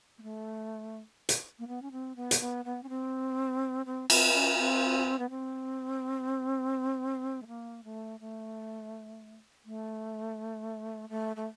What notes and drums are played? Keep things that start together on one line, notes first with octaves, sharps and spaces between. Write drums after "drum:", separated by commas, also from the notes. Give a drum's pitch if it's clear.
A#3
A3
drum: hi-hat
A#3
B3
C#4
C4
B3
drum: hi-hat
B3
B3
C#4
C4
C4
C4, drum: cymbal
C#4
C4
B3
C4
A3
A#3
A3
A3
A3
A3
A3